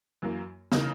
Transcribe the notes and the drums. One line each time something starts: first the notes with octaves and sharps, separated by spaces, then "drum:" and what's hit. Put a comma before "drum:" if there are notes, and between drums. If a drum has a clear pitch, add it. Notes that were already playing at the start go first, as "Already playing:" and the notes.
F#2 E3 A#3
C#3 E3 A#3 D#4, drum: snare